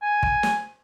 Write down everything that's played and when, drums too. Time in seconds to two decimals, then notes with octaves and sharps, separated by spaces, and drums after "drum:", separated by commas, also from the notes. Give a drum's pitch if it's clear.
0.02 G#5
0.23 drum: kick
0.43 drum: snare